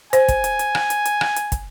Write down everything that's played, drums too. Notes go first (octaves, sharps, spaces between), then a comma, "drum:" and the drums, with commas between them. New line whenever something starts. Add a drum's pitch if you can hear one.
C5 G#5, drum: hi-hat
drum: kick, hi-hat
drum: hi-hat
drum: hi-hat
drum: rim click
drum: hi-hat
drum: hi-hat
drum: rim click
drum: hi-hat
drum: kick, hi-hat